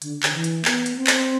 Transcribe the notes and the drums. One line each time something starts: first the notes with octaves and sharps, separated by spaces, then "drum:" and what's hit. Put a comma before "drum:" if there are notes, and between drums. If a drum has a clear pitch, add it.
D3, drum: hi-hat
D3, drum: clap
E3
drum: hi-hat
B3, drum: clap
drum: hi-hat
C4
drum: clap